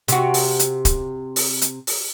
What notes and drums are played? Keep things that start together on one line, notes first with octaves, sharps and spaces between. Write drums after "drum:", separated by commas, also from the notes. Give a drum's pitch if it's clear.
C3 F#4, drum: hi-hat
drum: open hi-hat
drum: hi-hat
drum: kick, hi-hat
drum: open hi-hat
drum: hi-hat
drum: open hi-hat